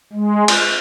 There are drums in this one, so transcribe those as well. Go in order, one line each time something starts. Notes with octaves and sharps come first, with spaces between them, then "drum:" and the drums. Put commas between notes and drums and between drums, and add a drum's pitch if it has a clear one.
G#3
drum: cymbal